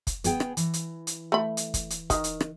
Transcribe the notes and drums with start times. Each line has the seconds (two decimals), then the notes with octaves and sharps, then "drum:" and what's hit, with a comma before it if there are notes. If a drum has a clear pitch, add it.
0.07 drum: kick, hi-hat
0.24 B3 G#4 G5, drum: hi-hat
0.40 drum: rim click
0.57 E3, drum: hi-hat
0.74 drum: hi-hat
1.07 drum: hi-hat
1.32 A3 B5
1.57 drum: hi-hat
1.74 drum: kick, hi-hat
1.90 drum: hi-hat
2.10 D#3, drum: kick, hi-hat
2.24 drum: hi-hat
2.40 drum: rim click